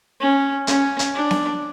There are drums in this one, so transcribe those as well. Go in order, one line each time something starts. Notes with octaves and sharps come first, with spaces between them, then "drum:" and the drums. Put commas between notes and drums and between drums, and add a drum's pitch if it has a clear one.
C#4
C#4, drum: hi-hat
drum: hi-hat
D4
drum: snare B3